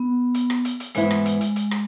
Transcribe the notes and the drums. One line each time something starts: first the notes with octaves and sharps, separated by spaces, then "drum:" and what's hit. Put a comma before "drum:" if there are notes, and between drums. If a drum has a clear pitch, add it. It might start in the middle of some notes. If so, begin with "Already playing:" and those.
Already playing: B3
drum: hi-hat
drum: rim click
drum: hi-hat
drum: hi-hat
G#2 E3 G#3 B3 E4, drum: hi-hat
drum: rim click
drum: hi-hat
drum: hi-hat
drum: hi-hat
drum: rim click